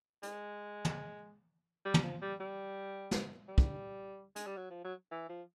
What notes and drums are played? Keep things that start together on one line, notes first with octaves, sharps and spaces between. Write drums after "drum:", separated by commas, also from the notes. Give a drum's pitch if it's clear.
G#3, drum: hi-hat
drum: tom
G3
drum: tom
F3
G3
G3
drum: snare
G3
drum: kick
G#3, drum: hi-hat
G3
F#3
F3
F#3
E3
F3